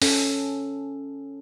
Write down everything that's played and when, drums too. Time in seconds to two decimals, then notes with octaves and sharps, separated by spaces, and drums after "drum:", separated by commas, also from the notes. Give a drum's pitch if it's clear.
0.02 C#4 A4, drum: open hi-hat